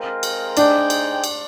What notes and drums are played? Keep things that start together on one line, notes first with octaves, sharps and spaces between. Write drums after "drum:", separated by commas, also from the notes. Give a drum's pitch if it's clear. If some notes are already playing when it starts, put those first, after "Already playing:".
Already playing: G#3 C4 F4 A#4
drum: cymbal
D4 D#4 G#4 C5 G5, drum: cymbal
drum: cymbal
drum: cymbal